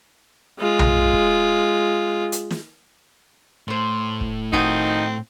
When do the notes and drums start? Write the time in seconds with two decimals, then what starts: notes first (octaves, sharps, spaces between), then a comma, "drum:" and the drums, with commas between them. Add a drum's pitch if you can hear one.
0.60 G#3 F4
0.79 drum: tom B1
1.13 drum: kick
2.32 drum: hi-hat
2.51 drum: snare
3.68 A2 C5 C6
4.21 drum: kick
4.53 D#3 F3 C4 D#4 F#4 G#5 D#6, drum: kick